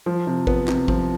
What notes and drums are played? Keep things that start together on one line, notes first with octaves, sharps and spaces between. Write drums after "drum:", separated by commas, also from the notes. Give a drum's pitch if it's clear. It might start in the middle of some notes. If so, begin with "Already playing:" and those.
F3
C3
B3, drum: kick
C3, drum: clap
F3, drum: kick